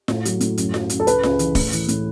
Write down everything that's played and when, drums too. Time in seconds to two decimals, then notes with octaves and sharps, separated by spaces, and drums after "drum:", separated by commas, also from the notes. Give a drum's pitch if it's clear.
0.08 A2, drum: snare F4
0.25 F#3, drum: hi-hat
0.40 A2, drum: hi-hat
0.58 F#2, drum: hi-hat
0.74 F#3, drum: snare F4
0.90 F#2, drum: hi-hat
1.00 A4
1.07 C#2 B4, drum: hi-hat
1.23 C#2, drum: snare F4
1.39 E3, drum: hi-hat
1.55 A2, drum: kick D#1, open hi-hat
1.72 E3, drum: hi-hat
1.88 A2, drum: hi-hat